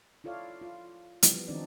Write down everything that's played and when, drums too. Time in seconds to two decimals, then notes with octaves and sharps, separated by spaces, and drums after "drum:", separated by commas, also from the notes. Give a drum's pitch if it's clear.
0.24 E4 F4 A4 C#5 D5 F5
0.62 F4
1.23 E3 F3 G3 B3, drum: hi-hat
1.48 D#3 F3 C4 D4 D#4 D5